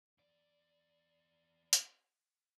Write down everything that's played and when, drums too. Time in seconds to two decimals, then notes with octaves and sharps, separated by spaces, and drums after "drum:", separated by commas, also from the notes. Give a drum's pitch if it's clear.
0.18 E2 D5
1.73 drum: hi-hat